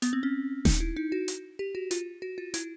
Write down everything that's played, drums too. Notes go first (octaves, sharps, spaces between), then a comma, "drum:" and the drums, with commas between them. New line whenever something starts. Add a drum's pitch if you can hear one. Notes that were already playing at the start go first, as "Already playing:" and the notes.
B3, drum: hi-hat
C4
C#4
D#4, drum: snare D#1
E4
D#4
F#4
drum: hi-hat
G4
F#4
F4, drum: hi-hat
F#4
F4
E4, drum: hi-hat